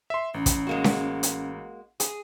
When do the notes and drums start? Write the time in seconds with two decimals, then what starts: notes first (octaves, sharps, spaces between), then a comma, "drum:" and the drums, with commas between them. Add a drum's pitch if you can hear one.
0.10 E5 C6
0.34 A1 C#4
0.46 drum: kick, hi-hat
0.67 G#3 A#3 F#4
0.84 drum: snare C#4
1.23 drum: hi-hat
2.00 G#4, drum: hi-hat